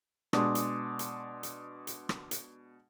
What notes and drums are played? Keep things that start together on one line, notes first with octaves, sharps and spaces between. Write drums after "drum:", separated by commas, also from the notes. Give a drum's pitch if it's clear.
B2 G#3 D4 C6 D6 D#6, drum: rim click
drum: hi-hat
drum: hi-hat
drum: hi-hat
drum: hi-hat
drum: rim click
drum: hi-hat